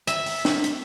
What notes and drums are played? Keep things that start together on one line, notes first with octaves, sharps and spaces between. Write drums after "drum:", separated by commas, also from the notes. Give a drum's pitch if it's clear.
E5, drum: hi-hat
drum: open hi-hat
drum: snare
drum: hi-hat